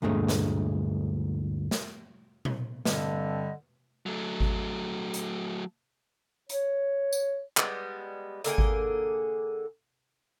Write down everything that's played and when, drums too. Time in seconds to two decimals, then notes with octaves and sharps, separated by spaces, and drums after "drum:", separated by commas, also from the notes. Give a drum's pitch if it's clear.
0.02 D2 G2 A#2 G#3 A3
0.28 drum: snare
1.71 drum: snare
2.45 drum: tom A#2
2.85 G2 D3 G3 C4 D#5, drum: snare
4.06 F#3 A3
4.40 drum: kick G#1
5.14 drum: hi-hat
6.49 C#5, drum: hi-hat
7.12 drum: tambourine
7.57 G3 G#3 B3, drum: clap
8.44 D3 A#3 G#4 G5, drum: hi-hat
8.58 drum: kick G#1